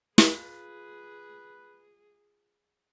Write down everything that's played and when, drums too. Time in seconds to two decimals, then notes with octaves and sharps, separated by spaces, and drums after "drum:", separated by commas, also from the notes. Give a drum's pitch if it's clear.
0.18 F4 G#4 B4, drum: snare